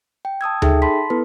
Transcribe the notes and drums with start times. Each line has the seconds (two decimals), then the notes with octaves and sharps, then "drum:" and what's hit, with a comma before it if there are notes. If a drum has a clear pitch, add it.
0.25 G5
0.41 A5 D#6 E6 G#6
0.62 D#4 G#4 A4 E5 G5, drum: tom D2
0.82 A5 B5 C6 B6
1.10 B3 E4 A4 B4